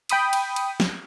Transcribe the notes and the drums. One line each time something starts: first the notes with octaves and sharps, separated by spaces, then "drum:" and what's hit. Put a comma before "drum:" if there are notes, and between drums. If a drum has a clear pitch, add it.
G5 B5 D#6 D#7, drum: cymbal
drum: cymbal
drum: cymbal
drum: snare